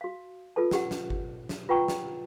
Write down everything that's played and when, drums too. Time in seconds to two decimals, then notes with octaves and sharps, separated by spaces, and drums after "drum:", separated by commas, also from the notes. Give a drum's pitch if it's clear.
0.01 F#4 F5
0.56 F4 A4 B4 A5
0.71 C#4 G4 F#5, drum: snare
0.91 drum: snare
1.10 drum: kick G1
1.49 drum: snare
1.69 F4 B4 F#5 G5 A#5 C#6
1.88 drum: snare